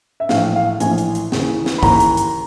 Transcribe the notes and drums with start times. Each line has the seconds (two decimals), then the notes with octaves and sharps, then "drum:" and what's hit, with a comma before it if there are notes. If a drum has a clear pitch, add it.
0.20 E5
0.29 A#1 A2 E3 F5, drum: snare
0.56 F5
0.80 A#1 A2 E3 G#5, drum: hi-hat
0.98 drum: hi-hat
1.15 drum: hi-hat
1.32 D#2 C#3 E3, drum: snare
1.66 drum: snare
1.78 B5
1.83 D#2 C#3 E3 A#5, drum: kick, open hi-hat
2.00 drum: hi-hat
2.17 drum: hi-hat